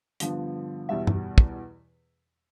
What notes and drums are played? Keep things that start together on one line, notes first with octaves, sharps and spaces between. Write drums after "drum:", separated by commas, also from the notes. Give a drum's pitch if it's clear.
G2 D3 F3 B3, drum: hi-hat
E2 B2 G3 E5
drum: tom
drum: kick